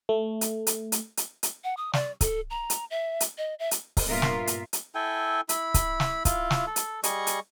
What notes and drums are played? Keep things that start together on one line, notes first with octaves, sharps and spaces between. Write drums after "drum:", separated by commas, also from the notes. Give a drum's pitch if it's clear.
A3
drum: hi-hat
drum: hi-hat
drum: hi-hat
drum: hi-hat
drum: hi-hat
F#5
D#6
D5, drum: snare
A4, drum: kick C#1, hi-hat
A#5
drum: hi-hat
E5
drum: hi-hat
D#5
E5
drum: hi-hat
drum: kick C#1, open hi-hat
G2 A#2 B3 F4 A#4 E5
drum: snare
drum: hi-hat
drum: hi-hat
E4 A4 G5 G#5
E4 B5, drum: hi-hat
drum: kick C#1, hi-hat
drum: snare
E4 F4, drum: kick C#1, hi-hat
drum: snare
A4
drum: hi-hat
G3 G#4 D#5 C#6, drum: hi-hat
drum: hi-hat